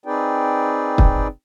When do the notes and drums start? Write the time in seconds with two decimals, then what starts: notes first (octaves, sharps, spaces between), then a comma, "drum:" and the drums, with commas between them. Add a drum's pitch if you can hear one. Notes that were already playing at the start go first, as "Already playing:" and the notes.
0.06 C4 D#4 G#4 B4 D5 G5
0.98 drum: kick